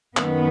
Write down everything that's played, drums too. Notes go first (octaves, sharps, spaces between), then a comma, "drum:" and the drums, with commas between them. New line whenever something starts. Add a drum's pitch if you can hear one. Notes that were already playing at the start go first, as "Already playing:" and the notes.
F#2 D#3 B3, drum: clap